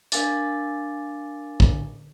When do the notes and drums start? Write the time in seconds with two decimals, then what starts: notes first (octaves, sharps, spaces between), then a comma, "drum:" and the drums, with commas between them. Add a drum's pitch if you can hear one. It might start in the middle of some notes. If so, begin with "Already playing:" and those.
0.12 D4 A#4 F5 G#5 D6 A6, drum: hi-hat
1.60 drum: kick